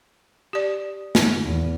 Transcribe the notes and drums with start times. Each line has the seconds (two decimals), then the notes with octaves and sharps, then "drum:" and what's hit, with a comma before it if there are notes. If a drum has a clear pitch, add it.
0.53 G4 D5
1.15 drum: snare
1.45 E2